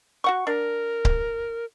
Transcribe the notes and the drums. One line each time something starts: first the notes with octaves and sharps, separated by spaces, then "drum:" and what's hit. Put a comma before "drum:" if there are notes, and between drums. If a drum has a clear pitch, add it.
F#4 F#5 C#6
D4 A#4
drum: kick C#1